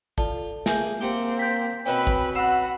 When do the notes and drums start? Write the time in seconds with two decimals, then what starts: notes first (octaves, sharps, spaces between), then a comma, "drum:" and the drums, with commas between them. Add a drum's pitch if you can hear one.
0.18 F4 A4 D5 A5, drum: kick
0.66 A#3 G#4 E5 G#5 G6, drum: snare
1.01 A#3 C4 G4 F#5 G5
1.39 G6 B6
1.86 B2 C4 C#4 B4 G5 B5
2.07 drum: kick
2.35 F#4 F#5 B5 E6 C7 E7